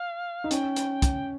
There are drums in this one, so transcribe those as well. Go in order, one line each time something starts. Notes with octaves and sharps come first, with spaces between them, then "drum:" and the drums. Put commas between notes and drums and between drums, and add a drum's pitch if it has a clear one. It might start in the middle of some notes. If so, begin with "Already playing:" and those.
Already playing: F5
D#4
C#4 G5, drum: hi-hat
drum: hi-hat
drum: kick, hi-hat